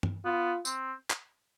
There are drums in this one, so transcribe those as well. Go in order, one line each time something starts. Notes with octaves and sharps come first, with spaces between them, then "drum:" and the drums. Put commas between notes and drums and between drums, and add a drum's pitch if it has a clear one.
drum: tom G2
B3 F4
C4, drum: tambourine
drum: clap